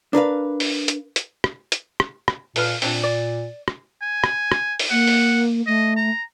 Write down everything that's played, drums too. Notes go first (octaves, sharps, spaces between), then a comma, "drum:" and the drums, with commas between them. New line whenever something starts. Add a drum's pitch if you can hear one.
D4 A#4 B4 F5
drum: open hi-hat
drum: hi-hat
drum: hi-hat
drum: rim click
drum: hi-hat
drum: rim click
drum: rim click
A#2 A4 B4 F5, drum: open hi-hat
A#2 C4 D4 D5, drum: open hi-hat
D5
drum: rim click
G#5
drum: rim click
drum: rim click
drum: open hi-hat
A#3 F#5
drum: open hi-hat
A3 D#5
A#5